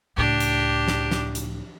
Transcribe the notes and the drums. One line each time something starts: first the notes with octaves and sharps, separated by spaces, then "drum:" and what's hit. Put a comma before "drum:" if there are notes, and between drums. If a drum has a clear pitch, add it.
C#2 A2 D4 G4
drum: hi-hat
drum: snare
drum: snare
drum: hi-hat